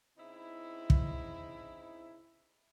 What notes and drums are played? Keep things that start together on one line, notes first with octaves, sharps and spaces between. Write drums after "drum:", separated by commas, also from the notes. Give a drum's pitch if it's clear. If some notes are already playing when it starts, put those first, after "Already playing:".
C#3 C4 D#4 E4
drum: kick